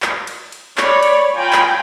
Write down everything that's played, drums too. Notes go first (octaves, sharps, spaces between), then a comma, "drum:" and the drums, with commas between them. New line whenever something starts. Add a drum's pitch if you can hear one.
drum: clap
drum: cymbal
drum: cymbal
C#5 D5 B5, drum: clap
drum: cymbal
F4 G5 G#5 A#5 B5
drum: clap